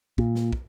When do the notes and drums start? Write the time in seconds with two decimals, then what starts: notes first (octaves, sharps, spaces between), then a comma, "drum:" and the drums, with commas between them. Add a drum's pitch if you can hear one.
0.18 A#2, drum: kick
0.35 drum: snare
0.52 drum: kick